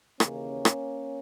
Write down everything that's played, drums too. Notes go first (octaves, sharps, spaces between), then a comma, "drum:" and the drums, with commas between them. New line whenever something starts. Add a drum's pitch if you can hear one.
D#2 C#3 E3 A#3 C#4, drum: rim click
drum: rim click